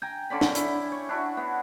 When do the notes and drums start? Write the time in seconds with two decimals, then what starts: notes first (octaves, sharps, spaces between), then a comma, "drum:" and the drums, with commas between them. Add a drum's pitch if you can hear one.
0.02 G5 G#5 A#5
0.30 D3 C#4 D5 B5
0.41 drum: snare
0.55 E4, drum: hi-hat
0.92 C#5
1.09 D4 E4 F#4
1.37 B3